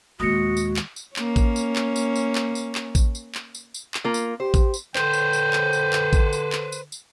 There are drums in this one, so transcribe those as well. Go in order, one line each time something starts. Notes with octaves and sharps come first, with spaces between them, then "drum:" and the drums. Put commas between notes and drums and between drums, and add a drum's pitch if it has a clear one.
D#2 A#2 G#3 F#4 D#6 A#6 C#7
drum: tambourine
drum: clap
drum: tambourine
A#3 C#4, drum: clap
drum: kick A1, tambourine
drum: tambourine
drum: clap
drum: tambourine
drum: tambourine
drum: clap
drum: tambourine
drum: clap
drum: kick A1, tambourine
drum: tambourine
drum: clap
drum: tambourine
drum: tambourine
drum: clap
A#3 F4
drum: tambourine
G4 C5
drum: kick A1, tambourine
drum: tambourine
D3 B4 C5 G5, drum: clap
drum: tambourine
drum: tambourine
drum: clap
drum: tambourine
drum: clap
drum: kick A1, tambourine
drum: tambourine
drum: clap
drum: tambourine
drum: tambourine